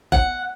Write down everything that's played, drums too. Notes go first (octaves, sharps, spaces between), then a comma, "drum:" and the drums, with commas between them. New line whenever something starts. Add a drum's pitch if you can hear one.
F#5, drum: kick F#1